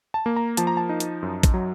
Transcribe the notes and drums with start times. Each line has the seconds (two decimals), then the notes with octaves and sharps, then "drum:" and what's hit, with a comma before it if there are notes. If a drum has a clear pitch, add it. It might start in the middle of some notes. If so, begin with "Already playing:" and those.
0.14 A5
0.26 A#3
0.36 A#5
0.57 F3 A5, drum: hi-hat
0.67 A#5
0.77 A5
0.89 D#4
1.00 drum: hi-hat
1.23 F#2
1.43 drum: kick, hi-hat
1.54 F#3